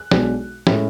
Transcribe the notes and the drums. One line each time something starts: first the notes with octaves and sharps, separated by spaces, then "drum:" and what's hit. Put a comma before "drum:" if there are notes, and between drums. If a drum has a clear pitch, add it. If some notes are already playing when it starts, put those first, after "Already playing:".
Already playing: F#6
B1 B2 G#3 D4, drum: snare
A2 G#3 C#4 E4, drum: snare